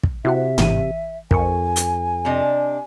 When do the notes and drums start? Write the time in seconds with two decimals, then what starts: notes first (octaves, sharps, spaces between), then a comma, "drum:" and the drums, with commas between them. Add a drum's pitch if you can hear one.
0.04 drum: kick
0.25 C3 E4 F#4 E5 F#5
0.58 G#1 E3 D#7, drum: tom
1.31 F2 A#4 G#5 C#6, drum: kick
1.76 drum: hi-hat
2.25 C3 D4 D#5